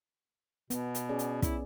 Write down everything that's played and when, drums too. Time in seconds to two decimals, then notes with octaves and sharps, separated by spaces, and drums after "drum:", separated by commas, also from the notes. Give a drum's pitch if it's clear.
0.70 B2 B3, drum: hi-hat
0.95 drum: hi-hat
1.09 C#4 G#4 D5
1.19 drum: hi-hat
1.42 E4, drum: kick, hi-hat